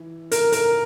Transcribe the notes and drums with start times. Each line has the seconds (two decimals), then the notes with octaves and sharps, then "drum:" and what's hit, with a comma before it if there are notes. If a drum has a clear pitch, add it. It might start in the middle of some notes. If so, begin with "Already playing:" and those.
Already playing: E3
0.32 A#4, drum: hi-hat
0.52 A#4, drum: hi-hat